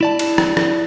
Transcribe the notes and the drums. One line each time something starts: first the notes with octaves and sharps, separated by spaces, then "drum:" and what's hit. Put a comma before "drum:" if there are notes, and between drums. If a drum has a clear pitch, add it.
E4 D5 A5
drum: cymbal
drum: rim click
drum: rim click